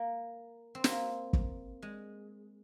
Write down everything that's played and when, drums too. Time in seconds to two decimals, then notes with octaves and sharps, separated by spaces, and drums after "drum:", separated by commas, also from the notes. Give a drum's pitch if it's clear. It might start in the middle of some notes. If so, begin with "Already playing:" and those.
Already playing: A#3
0.75 C4
0.84 A#3, drum: snare
1.33 drum: kick
1.82 G#3